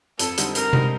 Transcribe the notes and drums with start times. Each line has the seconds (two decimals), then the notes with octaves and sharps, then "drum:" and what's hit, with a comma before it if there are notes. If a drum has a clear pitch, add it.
0.19 F2 A4, drum: hi-hat
0.37 D3 G3 C4 D#4, drum: hi-hat
0.55 F2 A#4, drum: hi-hat
0.73 D3 G3 C4 D#4, drum: tom C3